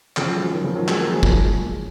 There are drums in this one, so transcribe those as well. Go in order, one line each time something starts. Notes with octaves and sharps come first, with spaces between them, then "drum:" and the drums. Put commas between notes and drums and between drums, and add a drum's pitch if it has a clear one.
C#3 F3, drum: clap
F#3
F3 G#3
D#3 F#3
C#3 F3
D#3 F#3
G#3, drum: clap
A#3
F3 G#3
drum: kick